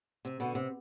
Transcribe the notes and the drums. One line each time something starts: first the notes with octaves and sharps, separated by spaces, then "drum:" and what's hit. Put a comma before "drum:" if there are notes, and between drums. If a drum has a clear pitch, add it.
C3, drum: hi-hat
B2 D3
C3